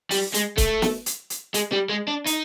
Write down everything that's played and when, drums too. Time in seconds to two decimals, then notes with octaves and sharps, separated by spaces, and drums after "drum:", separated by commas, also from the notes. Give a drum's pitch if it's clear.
0.11 G3, drum: open hi-hat
0.34 G#3, drum: hi-hat
0.58 A3, drum: kick C#1, hi-hat
0.82 drum: snare
1.06 drum: hi-hat
1.30 drum: hi-hat
1.54 G#3, drum: hi-hat
1.72 G3
1.89 G#3
2.08 D4
2.26 D#4, drum: hi-hat